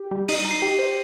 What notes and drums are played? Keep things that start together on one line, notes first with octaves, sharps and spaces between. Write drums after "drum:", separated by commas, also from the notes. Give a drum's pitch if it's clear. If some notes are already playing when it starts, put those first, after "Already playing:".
Already playing: G4
G3
D#4 D#7, drum: open hi-hat
D#7
D#4
C7
G4
C5